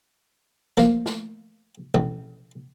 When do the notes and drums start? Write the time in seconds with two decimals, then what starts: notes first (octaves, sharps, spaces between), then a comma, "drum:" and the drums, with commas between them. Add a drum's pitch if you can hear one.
0.77 F3 A#3, drum: snare
1.06 drum: snare
1.94 A1, drum: tom B2